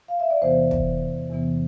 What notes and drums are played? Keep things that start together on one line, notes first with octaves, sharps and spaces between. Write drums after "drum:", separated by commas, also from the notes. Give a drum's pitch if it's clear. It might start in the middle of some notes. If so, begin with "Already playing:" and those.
F5
E5
D5
E2 C3 E3 B3 C5
drum: kick
E2 C3 E3 B3